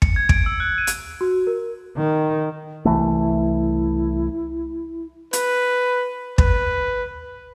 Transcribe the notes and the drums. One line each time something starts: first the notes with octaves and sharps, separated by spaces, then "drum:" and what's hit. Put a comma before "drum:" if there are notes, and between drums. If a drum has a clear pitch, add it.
C#7, drum: kick
G#6
D7, drum: kick
E6
F#6
D#7
drum: hi-hat
F#4
A#4
D#3
C2 E3 A3 E4
B4, drum: hi-hat
B4, drum: kick